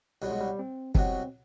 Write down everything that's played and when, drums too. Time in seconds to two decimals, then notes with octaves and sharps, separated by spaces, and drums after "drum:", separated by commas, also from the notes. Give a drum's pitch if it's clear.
0.22 C2 B2 F#3 G3
0.31 G#3
0.41 G3
0.59 C4
0.95 C2 B2 F#3 C4, drum: kick